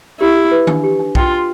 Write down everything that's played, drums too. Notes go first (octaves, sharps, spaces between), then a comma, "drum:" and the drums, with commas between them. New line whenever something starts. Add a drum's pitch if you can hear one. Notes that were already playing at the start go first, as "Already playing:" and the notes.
E4 G4
G4
B4
D4, drum: tom D#3
G4
D4
F4 G5, drum: kick B1
C6